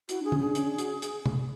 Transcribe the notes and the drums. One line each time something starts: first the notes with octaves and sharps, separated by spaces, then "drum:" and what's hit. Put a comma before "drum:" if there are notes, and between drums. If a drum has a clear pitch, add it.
E4 F#4, drum: hi-hat
D4 G#4
C#4, drum: tom
D4 G#4
C#4, drum: hi-hat
D4
F#4, drum: hi-hat
drum: hi-hat
drum: tom